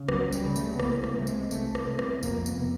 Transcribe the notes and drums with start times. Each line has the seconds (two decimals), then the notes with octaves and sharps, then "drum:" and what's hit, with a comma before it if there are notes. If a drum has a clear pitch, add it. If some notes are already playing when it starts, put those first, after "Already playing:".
Already playing: C#3
0.09 C#2 F#3, drum: rim click
0.32 G3, drum: tambourine
0.44 C#3
0.56 A3, drum: tambourine
0.75 B3
0.79 C2 A#3, drum: rim click
1.04 A3, drum: rim click
1.16 C3 A3
1.27 G#3, drum: tambourine
1.51 C2 A3, drum: tambourine
1.75 drum: rim click
1.87 C3
1.99 drum: rim click
2.23 F2 A#3, drum: tambourine
2.42 A#3
2.46 B3, drum: tambourine
2.59 C3